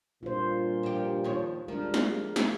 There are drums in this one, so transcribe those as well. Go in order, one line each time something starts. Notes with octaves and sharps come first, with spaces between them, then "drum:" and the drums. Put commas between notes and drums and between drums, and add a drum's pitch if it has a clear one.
G2 A#2 F4 C5
F3 G4
D#2 F3 C#5
F3 G3 G#3 D4 A#4
drum: snare
drum: snare